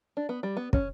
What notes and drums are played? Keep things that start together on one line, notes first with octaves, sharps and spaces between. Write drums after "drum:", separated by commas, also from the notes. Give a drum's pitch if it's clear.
D4
B3
G3
B3
C#4, drum: kick